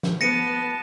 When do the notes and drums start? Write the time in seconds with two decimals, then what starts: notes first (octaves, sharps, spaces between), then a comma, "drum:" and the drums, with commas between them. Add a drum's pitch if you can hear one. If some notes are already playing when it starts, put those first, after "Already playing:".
0.03 drum: snare
0.21 B3 A5 A#6 C#7 D#7